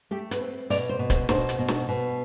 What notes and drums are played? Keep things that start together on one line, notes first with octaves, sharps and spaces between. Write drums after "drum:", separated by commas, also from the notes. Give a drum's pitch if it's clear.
A3 G4
B4, drum: hi-hat
C4
B2 D5, drum: open hi-hat
C5
B2
C5, drum: kick D1, hi-hat
B2 C5, drum: snare
drum: hi-hat
B2
drum: snare
B2